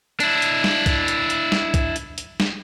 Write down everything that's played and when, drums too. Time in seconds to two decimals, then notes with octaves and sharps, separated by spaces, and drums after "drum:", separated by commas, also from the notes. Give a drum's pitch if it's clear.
0.20 D4 E4, drum: hi-hat
0.42 drum: hi-hat
0.64 drum: snare
0.86 drum: kick B1, hi-hat
1.08 drum: hi-hat
1.30 drum: hi-hat
1.52 drum: snare
1.74 drum: kick B1, hi-hat
1.96 drum: hi-hat
2.18 drum: hi-hat
2.40 drum: snare